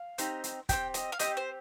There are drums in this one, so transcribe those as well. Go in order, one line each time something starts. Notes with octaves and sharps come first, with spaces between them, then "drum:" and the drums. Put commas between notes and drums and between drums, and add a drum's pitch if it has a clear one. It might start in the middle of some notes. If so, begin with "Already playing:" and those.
Already playing: F5
C4 D#4 G4, drum: hi-hat
drum: hi-hat
C4 D#4 G4 G5, drum: kick, hi-hat
D#5, drum: hi-hat
F5
C4 D#4 G4 D#5, drum: hi-hat
C5